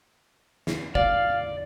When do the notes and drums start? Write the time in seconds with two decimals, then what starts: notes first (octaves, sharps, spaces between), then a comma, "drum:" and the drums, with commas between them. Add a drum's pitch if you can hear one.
0.67 drum: snare
0.95 D5 F5, drum: kick G1